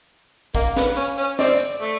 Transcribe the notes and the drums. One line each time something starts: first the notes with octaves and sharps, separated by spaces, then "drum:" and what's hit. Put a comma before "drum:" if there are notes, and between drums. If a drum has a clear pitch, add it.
A#3 F5, drum: kick, open hi-hat
B3, drum: snare
C#4, drum: hi-hat
C#4, drum: hi-hat
C4 D5, drum: snare
drum: hi-hat
A3